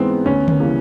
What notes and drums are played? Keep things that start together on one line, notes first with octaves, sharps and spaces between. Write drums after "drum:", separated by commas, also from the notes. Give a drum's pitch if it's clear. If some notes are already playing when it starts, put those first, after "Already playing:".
Already playing: G#2 E3 G#3 B3 C4
D2 C#4
drum: tom D3
C#3 E3 G3 A#3